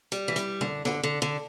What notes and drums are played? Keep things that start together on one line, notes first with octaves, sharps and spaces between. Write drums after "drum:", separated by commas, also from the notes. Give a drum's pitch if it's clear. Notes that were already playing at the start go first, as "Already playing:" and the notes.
G3, drum: hi-hat
E3
G3, drum: hi-hat
D3, drum: tom
D3, drum: snare
D3
D3